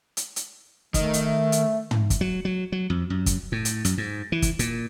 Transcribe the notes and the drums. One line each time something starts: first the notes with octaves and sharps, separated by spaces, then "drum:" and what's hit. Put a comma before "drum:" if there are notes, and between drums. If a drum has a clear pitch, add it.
drum: hi-hat
drum: hi-hat
D#3 A3 D#5, drum: kick, hi-hat
drum: hi-hat
E5
drum: hi-hat
drum: tom
drum: kick, hi-hat
F#3
F#3
F#3
F2
F#2
drum: kick, hi-hat
A2
drum: hi-hat
F#2, drum: hi-hat
G#2
E3
drum: kick, hi-hat
A#2, drum: hi-hat